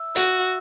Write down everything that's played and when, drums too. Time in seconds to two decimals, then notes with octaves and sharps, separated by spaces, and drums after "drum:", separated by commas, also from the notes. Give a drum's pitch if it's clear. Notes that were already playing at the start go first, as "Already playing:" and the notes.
Already playing: E5
0.16 F#4, drum: hi-hat